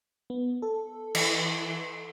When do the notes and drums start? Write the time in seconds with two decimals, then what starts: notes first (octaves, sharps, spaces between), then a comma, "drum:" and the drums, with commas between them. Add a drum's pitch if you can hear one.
0.30 B3
0.62 A4
1.15 E3, drum: cymbal